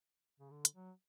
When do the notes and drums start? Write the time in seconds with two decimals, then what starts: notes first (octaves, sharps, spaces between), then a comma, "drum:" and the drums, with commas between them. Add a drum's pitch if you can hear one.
0.40 C#3
0.51 D3
0.65 drum: hi-hat
0.74 F#3